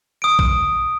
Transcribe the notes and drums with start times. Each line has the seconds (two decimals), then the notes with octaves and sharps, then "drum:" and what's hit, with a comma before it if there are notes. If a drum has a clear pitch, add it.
0.22 D#6 D7
0.39 drum: kick